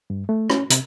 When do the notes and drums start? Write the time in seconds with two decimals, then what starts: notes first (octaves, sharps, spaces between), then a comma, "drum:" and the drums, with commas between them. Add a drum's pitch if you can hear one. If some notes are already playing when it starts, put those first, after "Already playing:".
0.10 G2
0.29 A3
0.50 C#4, drum: rim click
0.70 C3, drum: hi-hat